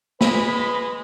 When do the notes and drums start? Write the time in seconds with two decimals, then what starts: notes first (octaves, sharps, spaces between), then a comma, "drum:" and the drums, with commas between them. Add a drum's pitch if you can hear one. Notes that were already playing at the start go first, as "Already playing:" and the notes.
0.21 G#3 B4 B5, drum: snare